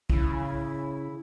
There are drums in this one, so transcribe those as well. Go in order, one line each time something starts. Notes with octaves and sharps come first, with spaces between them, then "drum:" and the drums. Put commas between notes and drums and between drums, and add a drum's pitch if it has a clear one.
C#3 E4, drum: kick